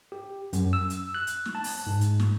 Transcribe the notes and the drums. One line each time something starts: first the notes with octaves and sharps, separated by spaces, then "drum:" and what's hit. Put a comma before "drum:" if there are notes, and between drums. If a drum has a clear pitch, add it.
G4
F#2, drum: hi-hat
E6
drum: hi-hat
F#6
drum: hi-hat
drum: snare
A5
drum: open hi-hat
G#2
drum: hi-hat
drum: snare